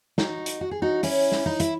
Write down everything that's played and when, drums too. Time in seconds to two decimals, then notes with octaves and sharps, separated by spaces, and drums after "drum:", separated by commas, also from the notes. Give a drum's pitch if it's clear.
0.18 D#4 F#4, drum: snare
0.46 drum: hi-hat
0.61 F#4
0.71 G#4
0.82 D#4 F#4
1.03 C#4 E4, drum: open hi-hat
1.32 drum: snare
1.46 D#4
1.60 E4, drum: hi-hat